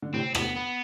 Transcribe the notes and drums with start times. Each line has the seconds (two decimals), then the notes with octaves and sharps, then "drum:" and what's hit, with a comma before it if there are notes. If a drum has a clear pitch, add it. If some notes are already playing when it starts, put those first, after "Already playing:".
0.02 D3
0.13 A2 C3 C4
0.35 A2 C3 B3, drum: rim click
0.56 B3